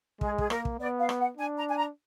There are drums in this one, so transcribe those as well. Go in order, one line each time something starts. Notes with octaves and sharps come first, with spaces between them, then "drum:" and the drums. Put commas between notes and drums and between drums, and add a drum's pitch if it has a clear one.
G#3 G#4, drum: kick
G#4, drum: kick
A#3 A#4, drum: rim click
drum: kick
B3 D5
F5
drum: rim click
F#5
D4 G#5
A#5
G#5
A#5